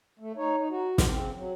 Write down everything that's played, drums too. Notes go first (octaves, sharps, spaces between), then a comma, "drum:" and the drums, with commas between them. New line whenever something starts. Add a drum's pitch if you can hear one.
A3
D#4 C#5
D#4
F#4
drum: snare
C#3 C4
F#3